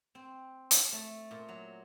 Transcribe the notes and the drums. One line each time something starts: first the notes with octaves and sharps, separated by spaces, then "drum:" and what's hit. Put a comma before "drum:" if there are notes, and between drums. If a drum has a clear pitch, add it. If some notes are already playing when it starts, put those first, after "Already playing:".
C4
drum: hi-hat
A3
A#2
F#3